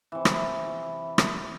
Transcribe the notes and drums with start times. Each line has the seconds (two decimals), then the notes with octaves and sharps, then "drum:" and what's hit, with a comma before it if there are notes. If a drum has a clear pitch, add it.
0.12 C3 E3
0.25 drum: rim click
1.18 drum: rim click